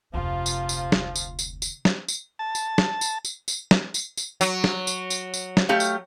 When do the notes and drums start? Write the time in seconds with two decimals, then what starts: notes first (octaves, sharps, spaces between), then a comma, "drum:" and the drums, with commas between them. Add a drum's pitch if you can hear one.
0.14 F1 D2 C3 F3 F4
0.46 drum: tambourine
0.69 drum: tambourine
0.92 drum: snare
1.16 drum: tambourine
1.39 drum: tambourine
1.62 drum: tambourine
1.85 drum: snare
2.08 drum: tambourine
2.39 A5
2.55 drum: tambourine
2.78 drum: snare
3.01 drum: tambourine
3.25 drum: tambourine
3.48 drum: tambourine
3.71 drum: snare
3.94 drum: tambourine
4.17 drum: tambourine
4.41 F#3, drum: tambourine
4.64 drum: snare
4.87 drum: tambourine
5.10 drum: tambourine
5.34 drum: tambourine
5.57 drum: snare
5.69 A3 G4 F5
5.80 drum: tambourine